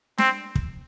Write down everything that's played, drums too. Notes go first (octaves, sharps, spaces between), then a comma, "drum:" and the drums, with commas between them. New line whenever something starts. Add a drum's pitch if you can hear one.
C4, drum: snare
drum: kick